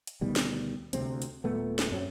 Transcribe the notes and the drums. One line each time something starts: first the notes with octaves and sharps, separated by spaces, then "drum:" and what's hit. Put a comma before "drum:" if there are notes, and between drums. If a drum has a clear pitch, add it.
drum: hi-hat
D2 B2 D#3 G3
drum: snare
D2 C3 G3 C4, drum: hi-hat
drum: hi-hat
D#1 A#2 A3 B3
drum: snare
F#2 F#3 C4 C#4